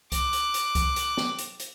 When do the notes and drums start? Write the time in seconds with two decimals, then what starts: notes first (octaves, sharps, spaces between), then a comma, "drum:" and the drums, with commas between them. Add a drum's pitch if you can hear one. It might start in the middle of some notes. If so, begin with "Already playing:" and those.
0.12 D6 F#6, drum: kick C2, hi-hat
0.33 drum: hi-hat
0.54 drum: hi-hat
0.75 drum: kick C2, hi-hat
0.96 drum: hi-hat
1.17 drum: snare
1.39 drum: hi-hat
1.60 drum: hi-hat